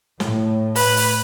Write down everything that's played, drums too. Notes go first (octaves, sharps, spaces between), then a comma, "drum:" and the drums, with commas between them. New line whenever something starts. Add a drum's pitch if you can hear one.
A2, drum: snare
B4, drum: open hi-hat
drum: open hi-hat